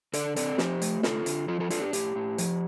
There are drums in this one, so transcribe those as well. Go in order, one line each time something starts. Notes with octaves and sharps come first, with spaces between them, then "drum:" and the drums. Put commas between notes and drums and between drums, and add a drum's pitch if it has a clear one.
D3 A4 D5, drum: hi-hat
C4 A4 D5, drum: hi-hat
F3 G4 C5, drum: snare
A3, drum: hi-hat
D3 F4 A4, drum: snare
D3, drum: hi-hat
F3 F4 A4
F4 A4
D4 F4 A4, drum: hi-hat
G4
A2 G4, drum: hi-hat
A2
F3, drum: hi-hat